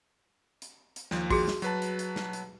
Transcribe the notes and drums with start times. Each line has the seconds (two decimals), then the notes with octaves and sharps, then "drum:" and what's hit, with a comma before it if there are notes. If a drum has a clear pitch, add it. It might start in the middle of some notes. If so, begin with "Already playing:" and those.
0.62 drum: hi-hat
0.96 drum: hi-hat
1.11 D#2 F3, drum: snare
1.30 F#4 G#4, drum: kick, open hi-hat
1.48 drum: snare
1.62 F#3 B4 A5, drum: hi-hat
1.82 drum: hi-hat
1.99 drum: hi-hat
2.16 drum: snare
2.33 drum: hi-hat